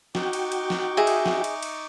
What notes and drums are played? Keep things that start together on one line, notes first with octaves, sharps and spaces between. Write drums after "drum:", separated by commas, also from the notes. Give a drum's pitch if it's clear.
D#4 F#4 G5 C#6 D6, drum: snare
drum: cymbal
drum: cymbal
drum: snare
G#4 D#5 E5
drum: cymbal
drum: snare
drum: cymbal
drum: cymbal